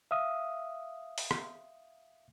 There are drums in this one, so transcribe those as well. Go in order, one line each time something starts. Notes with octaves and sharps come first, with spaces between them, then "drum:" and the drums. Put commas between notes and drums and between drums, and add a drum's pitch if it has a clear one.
E5 F5 D#6
drum: open hi-hat
drum: rim click